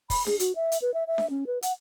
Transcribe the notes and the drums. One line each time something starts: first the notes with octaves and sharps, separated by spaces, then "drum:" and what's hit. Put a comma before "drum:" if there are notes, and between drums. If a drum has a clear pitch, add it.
B5, drum: kick, open hi-hat
G#4, drum: snare D4
F#4, drum: hi-hat
E5
drum: hi-hat
B4
E5
E5
drum: snare D4
C#4
B4
F#5, drum: hi-hat